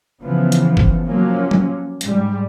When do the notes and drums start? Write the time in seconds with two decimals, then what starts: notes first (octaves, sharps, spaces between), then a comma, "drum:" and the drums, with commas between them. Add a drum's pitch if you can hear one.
0.21 C#3 E3 F3 B3
0.52 drum: hi-hat
0.77 drum: kick G1
1.06 F3 F#3 A#3 C#4
1.51 drum: tom F#3
2.01 G#2 G3, drum: hi-hat